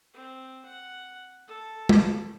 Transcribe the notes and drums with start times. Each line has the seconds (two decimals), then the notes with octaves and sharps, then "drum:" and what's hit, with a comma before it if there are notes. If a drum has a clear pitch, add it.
0.14 C4
0.65 F#5
1.48 A4
1.89 drum: tom